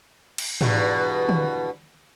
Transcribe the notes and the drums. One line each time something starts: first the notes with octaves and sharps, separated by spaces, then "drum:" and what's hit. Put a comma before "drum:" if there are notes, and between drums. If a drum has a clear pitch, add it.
drum: cymbal
E2 G2 B2, drum: tom
drum: tom